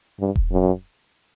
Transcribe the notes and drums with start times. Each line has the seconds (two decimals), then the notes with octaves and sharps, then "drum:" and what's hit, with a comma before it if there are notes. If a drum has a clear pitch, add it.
0.20 G2
0.36 drum: kick D#1
0.51 F#2